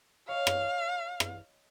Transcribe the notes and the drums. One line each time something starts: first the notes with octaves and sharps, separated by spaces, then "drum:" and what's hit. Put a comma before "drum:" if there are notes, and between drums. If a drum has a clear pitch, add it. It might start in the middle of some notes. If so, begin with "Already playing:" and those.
C#5 D#5 F5
drum: rim click
drum: rim click